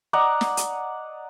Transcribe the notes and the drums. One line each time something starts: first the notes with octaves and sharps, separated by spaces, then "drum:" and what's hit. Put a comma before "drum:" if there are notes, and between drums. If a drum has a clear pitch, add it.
D5 D#5 F#5 A#5
drum: snare
drum: hi-hat